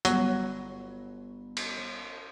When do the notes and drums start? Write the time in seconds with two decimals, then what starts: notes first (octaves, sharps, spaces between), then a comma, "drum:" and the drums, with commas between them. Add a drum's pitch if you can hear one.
0.05 G1 F#3, drum: hi-hat
1.57 drum: cymbal